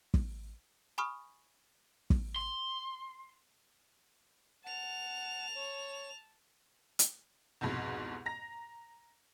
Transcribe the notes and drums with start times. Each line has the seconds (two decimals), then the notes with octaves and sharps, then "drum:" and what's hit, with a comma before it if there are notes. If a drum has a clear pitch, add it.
0.14 drum: kick
0.98 G#5 B5 C#6 D#6 F6
2.10 drum: kick
2.36 C6
4.64 F#5 A5 F7
5.55 C#5
6.99 drum: hi-hat
7.61 C2 F2 G#2 B2
8.26 A#5 A#6